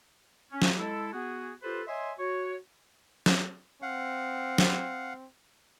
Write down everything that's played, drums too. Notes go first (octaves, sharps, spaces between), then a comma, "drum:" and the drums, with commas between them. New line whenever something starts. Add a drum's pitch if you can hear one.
C#4
drum: snare
G#3 E4 A4
B3 F#4 G#4
F4 G4 A4 B4 C5
C#5 D#5 E5 G#5 C6
F#4 C#5
drum: snare
C4 F5 F#5
drum: snare